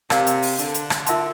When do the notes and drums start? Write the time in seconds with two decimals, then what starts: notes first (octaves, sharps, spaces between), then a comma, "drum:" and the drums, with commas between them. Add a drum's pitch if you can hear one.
0.10 C3 A#4 D5 F5, drum: rim click
0.27 drum: hi-hat
0.42 drum: open hi-hat
0.58 D3, drum: hi-hat
0.74 drum: hi-hat
0.90 drum: rim click
1.06 F4 A#4 E5 A5 C6, drum: hi-hat